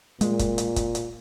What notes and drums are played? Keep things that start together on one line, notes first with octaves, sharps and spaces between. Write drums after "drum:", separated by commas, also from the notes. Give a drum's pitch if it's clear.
A#2 G#3, drum: hi-hat
drum: kick, hi-hat
drum: hi-hat
drum: kick, hi-hat
drum: hi-hat